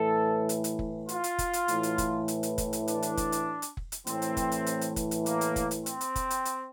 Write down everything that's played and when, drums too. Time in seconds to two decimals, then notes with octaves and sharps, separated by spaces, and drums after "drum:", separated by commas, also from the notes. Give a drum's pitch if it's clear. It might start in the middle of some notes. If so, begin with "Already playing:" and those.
Already playing: A2 E3 A4
0.49 drum: hi-hat
0.64 drum: hi-hat
0.79 drum: kick F1
1.09 F4, drum: hi-hat
1.24 drum: hi-hat
1.39 drum: kick F1, hi-hat
1.53 drum: hi-hat
1.68 A2 E3, drum: hi-hat
1.83 drum: hi-hat
1.98 drum: kick F1, hi-hat
2.28 drum: hi-hat
2.43 drum: hi-hat
2.58 drum: kick F1, hi-hat
2.73 drum: hi-hat
2.88 D4, drum: hi-hat
3.02 drum: hi-hat
3.17 drum: kick F1, hi-hat
3.32 drum: hi-hat
3.62 drum: hi-hat
3.77 drum: kick F1
3.92 drum: hi-hat
4.07 A2 E3 C4, drum: hi-hat
4.22 drum: hi-hat
4.37 drum: kick F1, hi-hat
4.52 drum: hi-hat
4.66 drum: hi-hat
4.81 drum: hi-hat
4.96 drum: kick F1, hi-hat
5.11 drum: hi-hat
5.26 A#3, drum: hi-hat
5.41 drum: hi-hat
5.56 drum: kick F1, hi-hat
5.71 drum: hi-hat
5.86 C4, drum: hi-hat
6.01 drum: hi-hat
6.16 drum: kick F1, hi-hat
6.30 drum: hi-hat
6.45 drum: hi-hat